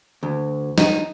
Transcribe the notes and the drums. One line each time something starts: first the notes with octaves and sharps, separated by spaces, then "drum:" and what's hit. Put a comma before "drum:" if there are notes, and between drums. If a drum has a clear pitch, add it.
D2
D#4, drum: snare